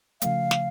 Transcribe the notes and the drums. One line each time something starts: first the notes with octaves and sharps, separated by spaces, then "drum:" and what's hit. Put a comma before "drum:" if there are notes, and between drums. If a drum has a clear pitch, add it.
C#3 F3 A3 F5, drum: hi-hat
drum: snare